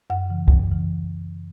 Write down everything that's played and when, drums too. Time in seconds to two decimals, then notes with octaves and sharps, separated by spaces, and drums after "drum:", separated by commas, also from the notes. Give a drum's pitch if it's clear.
0.10 F#2 F#5
0.29 C#3 E3
0.48 F#2, drum: kick
0.66 C#3
0.71 E3